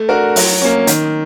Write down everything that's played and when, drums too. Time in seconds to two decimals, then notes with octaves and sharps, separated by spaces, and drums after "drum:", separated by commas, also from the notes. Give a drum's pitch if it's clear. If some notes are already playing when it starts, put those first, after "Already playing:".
Already playing: A3
0.09 D4 F#4 A#4
0.36 F#3, drum: open hi-hat
0.62 A#3 C#4
0.87 D#3, drum: hi-hat